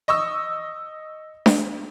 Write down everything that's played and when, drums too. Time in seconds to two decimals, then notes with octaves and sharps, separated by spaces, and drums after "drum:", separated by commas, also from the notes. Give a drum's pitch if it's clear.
0.08 D#5 C#6 D#6 E6
1.46 drum: snare D4